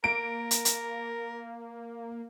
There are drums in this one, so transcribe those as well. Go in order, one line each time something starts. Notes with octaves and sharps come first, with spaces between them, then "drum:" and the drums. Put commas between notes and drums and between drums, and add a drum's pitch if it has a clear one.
A#3 A#4 D7
drum: hi-hat
drum: hi-hat